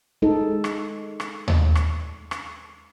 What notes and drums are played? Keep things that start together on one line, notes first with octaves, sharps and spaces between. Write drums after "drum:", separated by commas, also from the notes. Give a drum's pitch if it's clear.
G#3 D#4 A4
drum: rim click
drum: rim click
drum: tom D#2
drum: rim click
drum: rim click